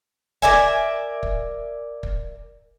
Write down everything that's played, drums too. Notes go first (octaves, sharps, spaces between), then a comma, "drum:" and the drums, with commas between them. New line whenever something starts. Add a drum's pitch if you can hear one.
A#4 D5 E5 G#5, drum: kick
drum: kick
drum: kick